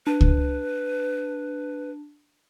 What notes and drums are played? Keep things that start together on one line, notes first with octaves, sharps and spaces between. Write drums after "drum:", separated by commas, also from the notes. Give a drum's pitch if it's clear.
D4 B4
drum: kick C#2